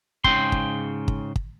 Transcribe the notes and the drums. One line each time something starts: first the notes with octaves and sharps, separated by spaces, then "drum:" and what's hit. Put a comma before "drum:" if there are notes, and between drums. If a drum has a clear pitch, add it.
G#2 C#3 G5 C6, drum: kick
drum: kick
drum: kick
drum: kick